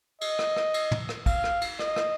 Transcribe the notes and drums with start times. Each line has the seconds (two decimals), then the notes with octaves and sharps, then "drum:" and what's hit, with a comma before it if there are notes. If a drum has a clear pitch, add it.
0.21 D#5, drum: cymbal
0.39 drum: rim click
0.56 drum: rim click
0.74 drum: cymbal
0.91 drum: tom
1.09 drum: rim click
1.26 F5, drum: kick, cymbal
1.44 drum: rim click
1.61 drum: cymbal
1.79 D#5, drum: rim click
1.96 drum: rim click